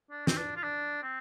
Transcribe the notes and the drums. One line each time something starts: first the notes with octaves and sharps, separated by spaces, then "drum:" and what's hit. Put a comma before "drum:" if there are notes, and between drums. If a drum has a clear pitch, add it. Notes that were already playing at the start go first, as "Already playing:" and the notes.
D4
C4, drum: snare
D4
F4
D4
C4